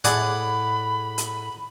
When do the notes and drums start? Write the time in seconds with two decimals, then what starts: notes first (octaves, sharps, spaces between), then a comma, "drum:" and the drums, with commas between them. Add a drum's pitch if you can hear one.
0.04 A2 G#4 D5 F#5 B5, drum: hi-hat
1.18 drum: hi-hat